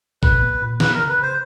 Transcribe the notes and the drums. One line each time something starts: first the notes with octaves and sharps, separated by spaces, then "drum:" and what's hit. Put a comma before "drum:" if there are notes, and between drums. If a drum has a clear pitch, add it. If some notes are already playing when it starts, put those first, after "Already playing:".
A#2 B4, drum: kick
A#3
A#2
F3 B4, drum: snare
A#4
C#3
B4
C#3 C5